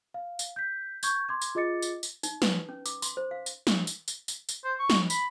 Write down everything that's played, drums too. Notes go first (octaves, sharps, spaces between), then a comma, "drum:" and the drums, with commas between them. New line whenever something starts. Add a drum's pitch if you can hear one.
F5
drum: tambourine
G6 B6
C#6 G6 G#6, drum: tambourine
C6 D6 G#6
drum: tambourine
F4 G#4 D#5 D6 A6 C#7
drum: tambourine
drum: tambourine
D#4, drum: tambourine
B4, drum: snare
C#4
D6, drum: tambourine
C6, drum: tambourine
C5
F5
drum: tambourine
drum: snare
drum: tambourine
drum: tambourine
drum: tambourine
drum: tambourine
C5
C#6
drum: snare
B5, drum: tambourine